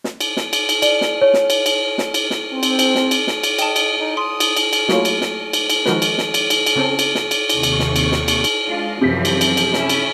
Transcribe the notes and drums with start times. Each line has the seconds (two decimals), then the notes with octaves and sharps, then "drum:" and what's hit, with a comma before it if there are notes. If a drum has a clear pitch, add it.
0.04 drum: snare
0.20 drum: cymbal
0.37 drum: snare
0.53 drum: cymbal
0.69 drum: cymbal
0.82 D5, drum: cymbal
1.01 drum: snare
1.22 C#5
1.34 drum: snare
1.50 drum: cymbal
1.66 drum: cymbal
1.98 drum: snare
2.14 drum: cymbal
2.30 drum: snare
2.52 C4
2.63 drum: cymbal
2.79 drum: cymbal
2.95 drum: snare
3.11 drum: cymbal
3.27 drum: snare
3.43 drum: cymbal
3.58 D#5 G5 A5, drum: cymbal
3.76 drum: cymbal
3.99 D#4
4.17 C6 D#6
4.40 drum: cymbal
4.57 drum: cymbal
4.73 drum: cymbal
4.89 F#3 A3 A#3 E4 F4 C#5, drum: snare
5.05 drum: cymbal
5.21 drum: snare
5.53 drum: cymbal
5.70 drum: cymbal
5.86 D#3 F3 G#3 F#4 A#4 B4, drum: snare
6.02 drum: cymbal
6.18 drum: snare
6.34 drum: cymbal
6.50 drum: cymbal
6.66 drum: cymbal
6.76 C#3 C4 C#4 A4
6.99 drum: cymbal
7.15 drum: snare
7.31 drum: cymbal
7.50 D#2 C3 C#6, drum: cymbal
7.63 drum: cymbal
7.79 drum: snare
7.96 drum: cymbal
8.12 drum: snare
8.28 drum: cymbal
8.44 drum: cymbal
8.68 G#3 D4 F4
9.01 F#2 C3 E3 F3 B6
9.25 drum: cymbal
9.41 drum: cymbal
9.57 drum: cymbal
9.73 C#4 E4 E5, drum: snare
9.89 drum: cymbal